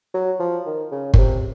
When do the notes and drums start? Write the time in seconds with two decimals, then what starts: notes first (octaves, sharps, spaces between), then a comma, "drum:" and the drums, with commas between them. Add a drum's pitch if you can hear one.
0.14 F#3
0.40 F3
0.66 D#3
0.91 C#3
1.14 A#2, drum: kick G1
1.18 C3